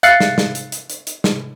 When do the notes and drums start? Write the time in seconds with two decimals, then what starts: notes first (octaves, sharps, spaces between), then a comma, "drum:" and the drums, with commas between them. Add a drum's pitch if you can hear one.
0.03 E5 F5 F#6 A6 C7 C#7, drum: hi-hat
0.20 drum: snare
0.38 drum: snare
0.55 drum: hi-hat
0.72 drum: hi-hat
0.90 drum: hi-hat
1.07 drum: hi-hat
1.24 drum: snare